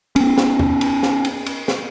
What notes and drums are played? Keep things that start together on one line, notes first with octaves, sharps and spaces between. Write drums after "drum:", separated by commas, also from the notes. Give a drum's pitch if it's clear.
B3 C#4, drum: cymbal
drum: snare
drum: tom E2
drum: cymbal
drum: snare
drum: cymbal
drum: cymbal
drum: snare